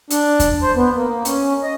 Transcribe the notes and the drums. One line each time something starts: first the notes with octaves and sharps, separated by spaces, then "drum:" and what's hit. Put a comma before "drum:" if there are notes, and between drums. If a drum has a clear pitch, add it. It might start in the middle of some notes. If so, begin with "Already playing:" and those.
D4, drum: hi-hat
drum: kick E2, hi-hat
C5
B3
A#3
C#4, drum: hi-hat
D#5